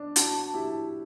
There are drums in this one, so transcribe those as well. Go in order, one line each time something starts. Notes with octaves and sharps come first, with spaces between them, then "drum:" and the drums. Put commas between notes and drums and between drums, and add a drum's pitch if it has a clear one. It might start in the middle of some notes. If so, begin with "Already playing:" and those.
Already playing: D4
D4 F#4 A5, drum: hi-hat
E4 G4